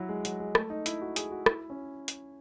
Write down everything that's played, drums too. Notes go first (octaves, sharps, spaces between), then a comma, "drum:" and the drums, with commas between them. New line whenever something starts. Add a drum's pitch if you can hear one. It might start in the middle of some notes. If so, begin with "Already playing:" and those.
Already playing: F#3 E4 F#4
G#3
F#3, drum: hi-hat
G#3
A3, drum: rim click
D#4
E4, drum: hi-hat
F#4
G#4, drum: hi-hat
F#4
E4, drum: rim click
C#4
drum: hi-hat